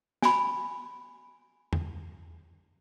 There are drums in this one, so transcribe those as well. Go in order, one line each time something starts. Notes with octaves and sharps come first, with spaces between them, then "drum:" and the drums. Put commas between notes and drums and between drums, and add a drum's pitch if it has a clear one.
G#5 B5, drum: snare
drum: tom E2